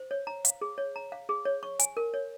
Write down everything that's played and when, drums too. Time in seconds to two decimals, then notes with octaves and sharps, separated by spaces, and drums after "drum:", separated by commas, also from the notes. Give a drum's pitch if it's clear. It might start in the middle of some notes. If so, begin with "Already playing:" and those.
Already playing: C5
0.11 C#5
0.27 A#5
0.45 F5, drum: hi-hat
0.61 G#4
0.78 C#5
0.96 A#5
1.12 F5
1.29 G#4
1.45 C#5
1.63 C#6
1.79 G#5, drum: hi-hat
1.97 A#4
2.14 C#5